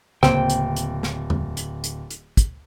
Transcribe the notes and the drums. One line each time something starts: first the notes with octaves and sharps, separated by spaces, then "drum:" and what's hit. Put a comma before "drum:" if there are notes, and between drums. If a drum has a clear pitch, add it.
D1 C#3 A#3 C4 G5, drum: snare
drum: hi-hat
drum: hi-hat
drum: snare
drum: tom E2
drum: hi-hat
drum: hi-hat
drum: hi-hat
drum: kick, hi-hat